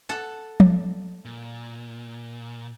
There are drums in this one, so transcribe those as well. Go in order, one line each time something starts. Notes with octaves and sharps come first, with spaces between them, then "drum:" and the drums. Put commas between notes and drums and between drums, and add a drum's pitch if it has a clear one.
A4 F#5
drum: tom F3
A#2